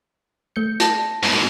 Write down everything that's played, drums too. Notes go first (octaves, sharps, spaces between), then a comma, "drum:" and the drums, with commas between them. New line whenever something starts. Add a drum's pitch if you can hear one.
A3 G6 C#7
A5 A#6, drum: hi-hat
G#2 B2, drum: open hi-hat